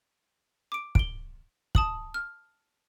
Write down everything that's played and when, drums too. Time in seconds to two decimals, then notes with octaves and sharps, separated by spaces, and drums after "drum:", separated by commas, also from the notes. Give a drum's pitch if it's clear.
0.72 D6 D7
0.95 D7 G7, drum: kick
1.75 A5 D#6 F#7, drum: kick
2.14 F6